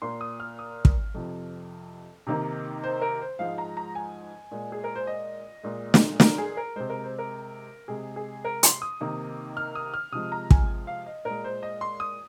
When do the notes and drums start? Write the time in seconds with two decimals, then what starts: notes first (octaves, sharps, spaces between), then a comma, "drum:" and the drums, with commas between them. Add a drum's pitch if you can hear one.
0.02 A#2 A#3 C6
0.21 D#6
0.40 F6
0.59 D#6
0.85 drum: kick
1.14 F2 C3 F3
2.27 C3 D#3 A#3
2.84 C5
3.02 A#4
3.21 C5
3.39 G#2 F3 G#3 F5
3.58 A#5
3.77 A#5
3.95 G#5
4.51 A#2 G#3
4.72 G#4
4.84 A#4
4.95 C5
5.07 D#5
5.63 A#2 G#3
5.94 drum: snare
6.20 A#4, drum: snare
6.38 G#4
6.57 A#4
6.76 C3 G#3 C5
6.90 A#4
7.04 C5
7.19 A#4
7.88 C3 G#3 G#4
8.16 G#4
8.45 A#4
8.63 C6, drum: hi-hat
8.82 D#6
9.01 C3 D#3 A#3
9.57 F6
9.75 D#6
9.94 F6
10.12 C3 F3 G#3 D#6
10.32 A#5
10.51 G#5, drum: kick
10.87 F5
11.06 D#5
11.25 A#2 G#3 A#4
11.44 C5
11.63 D#5
11.81 C6
12.00 D#6